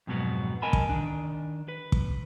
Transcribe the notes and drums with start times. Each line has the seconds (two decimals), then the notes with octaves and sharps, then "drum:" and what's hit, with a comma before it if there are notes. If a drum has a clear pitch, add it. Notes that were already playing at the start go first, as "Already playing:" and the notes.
0.07 F2 G#2 B2 F#3 B3
0.62 A#4 D#5 G#5 A5 B5
0.73 drum: kick
0.89 D#3 D4
1.68 B4
1.92 drum: kick